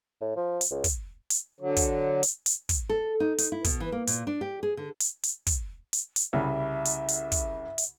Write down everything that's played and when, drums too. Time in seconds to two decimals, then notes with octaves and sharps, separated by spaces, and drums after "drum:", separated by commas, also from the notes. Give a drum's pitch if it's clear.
0.21 A2
0.36 F3
0.61 drum: hi-hat
0.71 C#2
0.84 drum: kick, hi-hat
1.30 drum: hi-hat
1.60 D3 F#3
1.76 drum: kick, hi-hat
2.23 drum: hi-hat
2.46 drum: hi-hat
2.69 drum: kick, hi-hat
2.90 A4
3.20 D#4
3.38 D#4, drum: hi-hat
3.52 E4
3.64 B2, drum: kick, hi-hat
3.80 E3
3.92 A#3
4.07 A#2, drum: hi-hat
4.27 D4
4.41 G4
4.63 G#4
4.77 D3
5.00 drum: hi-hat
5.23 drum: hi-hat
5.47 drum: kick, hi-hat
5.93 drum: hi-hat
6.16 drum: hi-hat
6.33 C2 C#3 G3 E5
6.85 drum: hi-hat
7.08 drum: hi-hat
7.32 drum: kick, hi-hat
7.78 drum: hi-hat